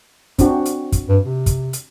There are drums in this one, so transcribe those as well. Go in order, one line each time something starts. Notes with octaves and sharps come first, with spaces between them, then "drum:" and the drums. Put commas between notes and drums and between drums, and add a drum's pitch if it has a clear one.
C4 D4 F#4, drum: kick, hi-hat
drum: hi-hat
drum: kick, hi-hat
G2
C3
drum: kick, hi-hat
drum: hi-hat